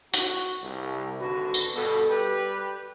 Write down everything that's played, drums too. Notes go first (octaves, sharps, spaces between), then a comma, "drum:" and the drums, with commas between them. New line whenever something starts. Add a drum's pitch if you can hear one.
F#4, drum: hi-hat
C2
G#1 D3 F#4 B4
drum: tambourine
G2 B2 A4
G3 G4 B4